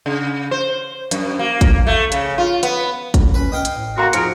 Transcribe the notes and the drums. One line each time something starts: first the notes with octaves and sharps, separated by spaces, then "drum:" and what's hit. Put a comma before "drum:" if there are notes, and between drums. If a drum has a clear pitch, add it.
C#3
C5
F#2, drum: hi-hat
A#3
drum: kick, hi-hat
A3
C#3, drum: hi-hat
F4
B3, drum: hi-hat
drum: kick, hi-hat
C#4 B4
D#5 F5 G5 D#6
drum: hi-hat
A2
A#3 F#4 F#5 A#5 C6
F2 F3 D#4 G#4 A#4 C#7 D7, drum: hi-hat